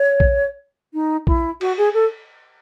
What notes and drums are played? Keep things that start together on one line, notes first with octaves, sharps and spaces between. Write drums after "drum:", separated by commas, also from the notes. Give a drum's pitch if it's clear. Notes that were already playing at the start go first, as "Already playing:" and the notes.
Already playing: C#5
drum: kick A#1
D#4
E4, drum: kick A#1
F#4, drum: cymbal
G#4
A4